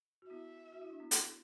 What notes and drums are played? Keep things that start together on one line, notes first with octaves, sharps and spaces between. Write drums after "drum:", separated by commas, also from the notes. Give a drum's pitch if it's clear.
F#4
B3 E4 E5
F#4
E4
D4
B3 E4
drum: hi-hat